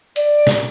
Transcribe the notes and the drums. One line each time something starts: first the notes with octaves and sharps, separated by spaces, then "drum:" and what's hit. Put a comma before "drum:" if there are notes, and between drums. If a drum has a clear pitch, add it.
D5, drum: hi-hat
drum: snare